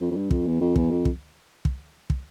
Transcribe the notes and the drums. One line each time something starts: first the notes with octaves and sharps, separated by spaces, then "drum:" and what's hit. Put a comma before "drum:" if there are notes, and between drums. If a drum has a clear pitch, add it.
F2
F2
G2
F2, drum: kick
E2
F2
E2, drum: kick
F2
drum: kick
drum: kick
drum: kick